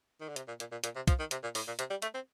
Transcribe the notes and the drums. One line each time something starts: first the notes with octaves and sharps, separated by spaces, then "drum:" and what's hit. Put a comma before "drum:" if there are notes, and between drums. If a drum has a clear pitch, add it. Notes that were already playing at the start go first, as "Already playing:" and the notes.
D#3
D3
C3, drum: hi-hat
A#2
A#2, drum: hi-hat
A#2
A#2, drum: hi-hat
C3
F3, drum: kick, hi-hat
D#3
C3, drum: hi-hat
A#2
A2, drum: open hi-hat
A#2
C3, drum: hi-hat
G3
A3, drum: hi-hat
C4